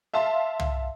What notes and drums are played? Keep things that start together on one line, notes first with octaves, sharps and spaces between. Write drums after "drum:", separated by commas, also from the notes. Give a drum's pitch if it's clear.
E5 F5 A5 C6
drum: tom